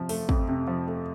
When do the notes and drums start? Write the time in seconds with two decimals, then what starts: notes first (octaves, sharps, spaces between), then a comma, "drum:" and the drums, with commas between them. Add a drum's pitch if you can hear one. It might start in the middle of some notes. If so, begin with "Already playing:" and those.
Already playing: F2 C3 F3
0.09 A3, drum: open hi-hat
0.29 F2, drum: kick
0.49 C3
0.67 F3
0.87 A3